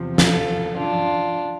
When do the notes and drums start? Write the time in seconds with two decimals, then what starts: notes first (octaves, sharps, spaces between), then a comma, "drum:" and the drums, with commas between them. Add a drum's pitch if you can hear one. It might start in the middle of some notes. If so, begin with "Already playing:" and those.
Already playing: E2 C3 F3
0.18 F4 A4, drum: snare
0.78 D4 F4